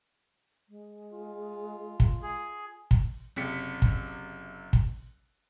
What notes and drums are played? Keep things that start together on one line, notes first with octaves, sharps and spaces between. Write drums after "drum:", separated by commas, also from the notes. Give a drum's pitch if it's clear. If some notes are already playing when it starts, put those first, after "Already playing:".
G#3
F4
drum: kick
G#4
drum: kick
F#1 C3 B6 C#7
drum: kick
drum: kick